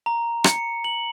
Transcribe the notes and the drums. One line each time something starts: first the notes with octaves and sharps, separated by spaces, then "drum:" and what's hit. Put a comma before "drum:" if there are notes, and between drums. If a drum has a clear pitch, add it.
A#5
C#7, drum: rim click
F#7